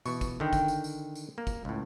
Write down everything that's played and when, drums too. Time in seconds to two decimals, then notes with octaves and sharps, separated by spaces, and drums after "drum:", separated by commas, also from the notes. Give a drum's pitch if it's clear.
0.06 B2 E3 C#6, drum: tambourine
0.21 drum: kick, tambourine
0.40 D3 D#3 G5
0.53 drum: kick, tambourine
0.68 drum: tambourine
0.84 drum: tambourine
1.15 drum: tambourine
1.38 A#3
1.47 drum: kick, tambourine
1.65 C#2 A2